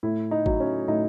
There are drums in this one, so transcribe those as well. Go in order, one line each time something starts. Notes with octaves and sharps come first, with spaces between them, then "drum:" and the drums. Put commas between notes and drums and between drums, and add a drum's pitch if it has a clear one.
A2 E4
D#4
F#3, drum: kick
C#4
A2 D#4